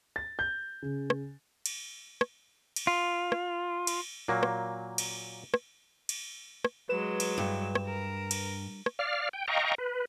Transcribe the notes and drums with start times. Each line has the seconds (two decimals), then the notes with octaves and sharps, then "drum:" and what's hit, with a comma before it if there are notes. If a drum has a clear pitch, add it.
0.16 A6
0.39 G6
0.82 C#3
1.10 drum: rim click
1.66 drum: cymbal
2.21 drum: rim click
2.76 drum: cymbal
2.87 F4
3.32 drum: rim click
3.87 drum: cymbal
4.28 A#2 F#3 A#3
4.43 drum: rim click
4.98 drum: cymbal
5.54 drum: rim click
6.09 drum: cymbal
6.65 drum: rim click
6.89 F#3 G#3 B4 E7
7.20 drum: cymbal
7.38 G2
7.75 drum: rim click
7.86 A#4
8.31 drum: cymbal
8.86 drum: rim click
8.99 D5 F5 F6
9.33 G5
9.48 D#5 F5 G5 A#5 C#6
9.78 B4